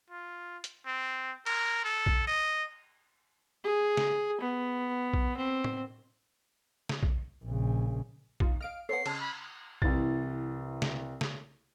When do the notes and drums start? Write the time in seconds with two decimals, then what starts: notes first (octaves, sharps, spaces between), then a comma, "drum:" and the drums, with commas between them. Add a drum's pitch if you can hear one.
0.10 F4
0.64 drum: hi-hat
0.86 C4
1.46 A#4, drum: cymbal
1.84 A4
2.06 drum: kick A#1
2.27 D#5
3.64 G#4
3.97 drum: snare
4.41 B3
5.14 drum: kick A#1
5.37 C4
5.64 drum: tom A2
6.89 drum: snare
7.03 drum: kick A#1
7.45 A#1 C#3
8.40 D#2 D#4 F4, drum: kick A#1
8.61 D#5 F5 F6 D7
8.89 B3 C4 A4 C#5 F#5 C7
9.06 C#3 D#5 A5, drum: cymbal
9.20 B5
9.82 C2 E3 A6, drum: kick A#1
10.82 drum: snare
11.21 drum: snare